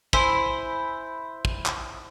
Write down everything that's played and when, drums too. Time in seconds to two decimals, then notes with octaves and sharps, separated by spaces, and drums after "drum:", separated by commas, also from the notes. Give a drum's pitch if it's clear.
0.13 E4 C5 G#5, drum: kick
1.45 drum: kick
1.66 drum: clap